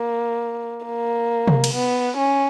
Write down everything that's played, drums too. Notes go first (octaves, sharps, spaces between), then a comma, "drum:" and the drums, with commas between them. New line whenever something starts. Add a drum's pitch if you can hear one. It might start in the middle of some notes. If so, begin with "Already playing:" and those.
Already playing: A#3
A#3
drum: tom C3
drum: cymbal
B3
C#4